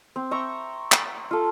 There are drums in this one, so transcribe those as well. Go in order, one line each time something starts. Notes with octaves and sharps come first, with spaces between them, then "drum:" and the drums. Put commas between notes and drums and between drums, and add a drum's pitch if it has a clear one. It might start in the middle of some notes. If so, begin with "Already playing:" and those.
C4
E5 G5 A#5 C#6
drum: clap
F4 A4